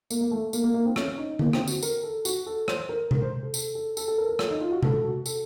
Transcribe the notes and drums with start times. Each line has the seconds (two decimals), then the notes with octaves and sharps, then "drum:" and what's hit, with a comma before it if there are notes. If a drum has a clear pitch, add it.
0.10 A#3, drum: tambourine
0.21 A#3
0.31 A3
0.53 A#3, drum: tambourine
0.64 A#3
0.74 A#3
0.85 C4
0.96 C#4, drum: rim click
1.18 D#4
1.39 A#3, drum: tom D3
1.53 C4, drum: rim click
1.68 F#4, drum: tambourine
1.83 A#4, drum: tambourine
2.03 A4
2.25 F#4, drum: tambourine
2.46 A4
2.68 C5, drum: rim click
2.89 A#4
3.11 A#4, drum: tom C3
3.22 C5
3.43 A4
3.54 A4, drum: tambourine
3.75 A4
3.97 A4, drum: tambourine
4.08 A4
4.18 A#4
4.29 A#4
4.39 A4, drum: rim click
4.50 D#4
4.61 F4
4.72 F#4
4.83 A4, drum: tom C3
5.04 F#4
5.26 A4, drum: tambourine